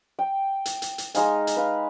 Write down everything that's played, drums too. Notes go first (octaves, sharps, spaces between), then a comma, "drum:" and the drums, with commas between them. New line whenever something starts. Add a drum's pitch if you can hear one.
G5
drum: hi-hat
drum: hi-hat
drum: hi-hat
G#3 D#4 F5 G#5, drum: hi-hat
drum: hi-hat
B4 F5